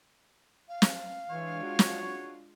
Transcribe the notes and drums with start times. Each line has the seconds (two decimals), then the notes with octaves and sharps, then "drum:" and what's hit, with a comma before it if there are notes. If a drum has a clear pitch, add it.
0.69 F5
0.82 drum: snare
1.30 E3 G#3 D4 F4 C#5
1.63 F#4
1.79 drum: snare